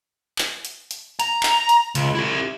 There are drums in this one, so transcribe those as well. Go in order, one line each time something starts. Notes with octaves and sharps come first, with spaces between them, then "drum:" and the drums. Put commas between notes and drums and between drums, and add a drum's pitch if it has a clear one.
drum: clap
drum: hi-hat
drum: hi-hat
A#5, drum: hi-hat
drum: clap
drum: hi-hat
C#2, drum: hi-hat
E4 G4